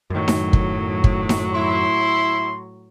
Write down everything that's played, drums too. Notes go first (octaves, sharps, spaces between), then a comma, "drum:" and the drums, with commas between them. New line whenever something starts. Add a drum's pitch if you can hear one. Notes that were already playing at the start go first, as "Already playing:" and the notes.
F#2 A2 D#3 F#3
drum: snare D#4
drum: kick
drum: kick
drum: snare D#4
E4 C6